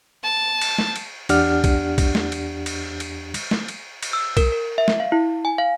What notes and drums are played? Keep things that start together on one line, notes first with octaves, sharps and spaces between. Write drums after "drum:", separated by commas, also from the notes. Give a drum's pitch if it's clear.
A5
drum: cymbal
drum: snare
drum: cymbal
E2 D4 G4 D5 F#5 F6, drum: cymbal
drum: kick B1, cymbal
drum: kick B1, cymbal
drum: snare
drum: cymbal
drum: cymbal
drum: cymbal
drum: cymbal
drum: snare
drum: cymbal
drum: cymbal
E6
A#4, drum: kick B1, cymbal
A#4
E5
drum: snare
F5
E4
G#5
F5